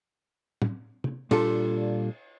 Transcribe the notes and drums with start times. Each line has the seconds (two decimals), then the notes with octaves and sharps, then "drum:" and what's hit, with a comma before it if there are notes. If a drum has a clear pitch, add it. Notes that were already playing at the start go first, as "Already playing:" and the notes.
0.62 drum: tom
1.04 drum: tom
1.31 A#2 G3 D4 F4 A4, drum: cymbal